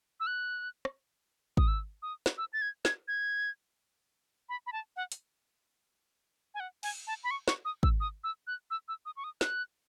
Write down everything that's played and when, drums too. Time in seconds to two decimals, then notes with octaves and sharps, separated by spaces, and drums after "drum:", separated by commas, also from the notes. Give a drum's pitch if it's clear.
0.20 E6
0.27 F#6
0.85 drum: rim click
1.57 D#6, drum: kick
1.68 E6
2.02 D#6
2.26 drum: snare
2.38 E6
2.53 A6
2.62 G#6
2.85 G#6, drum: snare
3.08 G#6
4.49 B5
4.66 B5
4.73 A5
4.96 F#5
5.12 drum: hi-hat
6.54 G#5
6.60 F#5
6.83 G#5, drum: cymbal
7.07 A5
7.24 B5
7.31 C#6
7.48 C#6, drum: snare
7.65 D#6
7.83 E6, drum: kick
8.00 D#6
8.24 E6
8.47 F#6
8.71 E6
8.88 E6
9.06 D#6
9.17 C#6
9.24 D#6
9.41 F#6, drum: snare